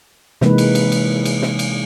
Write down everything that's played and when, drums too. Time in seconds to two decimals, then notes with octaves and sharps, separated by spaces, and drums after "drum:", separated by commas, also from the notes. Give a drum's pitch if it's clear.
0.41 C3 E3 G#3 A#3 D#4 B4, drum: snare
0.58 drum: cymbal
0.75 drum: cymbal
0.92 drum: cymbal
1.25 drum: cymbal
1.42 drum: snare
1.59 drum: cymbal